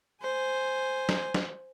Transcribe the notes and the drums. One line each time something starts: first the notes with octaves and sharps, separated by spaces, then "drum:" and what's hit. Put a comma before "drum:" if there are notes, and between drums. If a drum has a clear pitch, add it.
C5 G#5
drum: snare
drum: snare